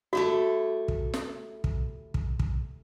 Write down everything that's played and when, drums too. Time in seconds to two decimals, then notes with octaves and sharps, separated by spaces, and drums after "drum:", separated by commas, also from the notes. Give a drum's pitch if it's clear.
0.13 A3 E4 F#4 G4
0.88 drum: kick
1.14 drum: snare
1.64 drum: kick
2.14 drum: kick
2.39 drum: kick